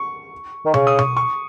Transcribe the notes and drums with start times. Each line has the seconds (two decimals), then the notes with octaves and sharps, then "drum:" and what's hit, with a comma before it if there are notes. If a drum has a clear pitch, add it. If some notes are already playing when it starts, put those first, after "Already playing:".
Already playing: C#6
0.65 D#3
0.74 C#3 C#6, drum: tom B2
0.87 D#6
0.99 C#6, drum: tom B2
1.17 C#6